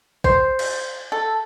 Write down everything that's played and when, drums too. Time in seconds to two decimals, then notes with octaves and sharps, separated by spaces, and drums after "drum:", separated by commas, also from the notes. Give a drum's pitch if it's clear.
0.24 C5, drum: kick
0.59 drum: cymbal
1.12 A4